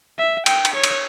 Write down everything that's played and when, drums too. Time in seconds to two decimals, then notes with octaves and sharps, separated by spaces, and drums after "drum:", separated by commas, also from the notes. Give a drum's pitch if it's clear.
0.18 E5
0.46 G5, drum: cymbal
0.65 drum: cymbal
0.74 C#5
0.84 drum: cymbal